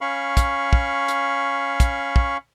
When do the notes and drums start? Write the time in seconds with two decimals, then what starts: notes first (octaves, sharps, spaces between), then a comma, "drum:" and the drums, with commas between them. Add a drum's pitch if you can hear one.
0.01 C#4 F5 B5 C#6
0.37 drum: kick, hi-hat
0.73 drum: kick
1.08 drum: hi-hat
1.80 drum: kick, hi-hat
2.16 drum: kick